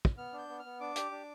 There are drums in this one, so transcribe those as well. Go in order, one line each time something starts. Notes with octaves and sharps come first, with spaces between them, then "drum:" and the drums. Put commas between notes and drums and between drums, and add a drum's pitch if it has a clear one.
drum: kick
B3 F6
D4
G6
B3
F6
B3
D4 D6
G4, drum: hi-hat
D4